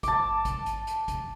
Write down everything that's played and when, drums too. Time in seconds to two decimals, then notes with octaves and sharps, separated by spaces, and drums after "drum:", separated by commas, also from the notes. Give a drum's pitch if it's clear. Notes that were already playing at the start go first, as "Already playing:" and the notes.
0.03 A5 D6, drum: kick G#1, hi-hat
0.45 drum: kick G#1, hi-hat
0.66 drum: hi-hat
0.87 drum: hi-hat
1.08 drum: kick G#1, hi-hat